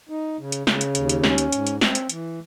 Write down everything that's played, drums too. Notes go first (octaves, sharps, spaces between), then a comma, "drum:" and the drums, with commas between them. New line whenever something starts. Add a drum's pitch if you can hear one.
D#4
C#3
drum: hi-hat
C#3, drum: snare
drum: hi-hat
D#2, drum: hi-hat
drum: hi-hat
C#4, drum: snare
drum: hi-hat
G#2, drum: hi-hat
drum: hi-hat
C4, drum: snare
drum: hi-hat
E3, drum: hi-hat